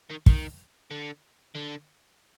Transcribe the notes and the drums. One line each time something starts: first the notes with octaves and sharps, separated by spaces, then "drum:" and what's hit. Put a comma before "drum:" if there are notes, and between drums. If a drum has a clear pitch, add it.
D#3
D#3, drum: kick
D3
D3